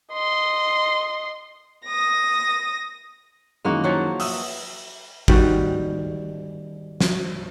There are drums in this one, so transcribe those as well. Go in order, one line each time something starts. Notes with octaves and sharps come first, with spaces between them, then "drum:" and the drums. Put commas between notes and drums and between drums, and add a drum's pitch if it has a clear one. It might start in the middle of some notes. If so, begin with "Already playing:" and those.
D#5 C6
D#6 A#6
F#2 D#3 E3 G#3 A#3 F#4
F3 F#3 F#4
E5 D#6 E6, drum: open hi-hat
D#3 G3 F#4, drum: kick G#1
drum: snare